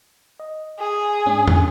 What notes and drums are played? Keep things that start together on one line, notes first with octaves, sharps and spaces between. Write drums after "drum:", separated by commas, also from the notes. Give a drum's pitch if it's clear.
D#5
G#4
G#2 C#4 D4
drum: tom E2